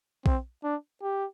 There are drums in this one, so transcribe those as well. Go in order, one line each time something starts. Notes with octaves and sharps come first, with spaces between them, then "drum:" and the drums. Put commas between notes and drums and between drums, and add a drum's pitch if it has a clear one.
C4, drum: kick
D4
G4